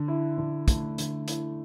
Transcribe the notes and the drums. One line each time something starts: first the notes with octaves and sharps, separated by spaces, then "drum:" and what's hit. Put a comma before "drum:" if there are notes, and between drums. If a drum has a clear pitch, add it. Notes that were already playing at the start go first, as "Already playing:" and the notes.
Already playing: D3
E4
D3
A3, drum: kick, hi-hat
D3, drum: hi-hat
E4, drum: hi-hat